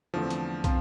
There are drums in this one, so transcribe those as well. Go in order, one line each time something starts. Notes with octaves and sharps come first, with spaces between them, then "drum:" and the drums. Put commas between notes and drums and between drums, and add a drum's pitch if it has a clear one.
E2 D3 F3 A3 C4
drum: hi-hat
C3 F3 C4 F4, drum: kick, hi-hat